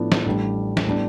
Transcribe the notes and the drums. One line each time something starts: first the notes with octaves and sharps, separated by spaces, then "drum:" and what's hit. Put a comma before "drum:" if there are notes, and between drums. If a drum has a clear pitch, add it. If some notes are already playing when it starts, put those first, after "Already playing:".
Already playing: A2 F3 B3 D4
drum: snare
A1 A2 G3 D4
drum: snare
A2 G3 B3 D4